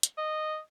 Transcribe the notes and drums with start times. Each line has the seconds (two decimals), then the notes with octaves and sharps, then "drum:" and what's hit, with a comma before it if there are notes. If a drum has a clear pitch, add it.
0.03 drum: hi-hat
0.18 D#5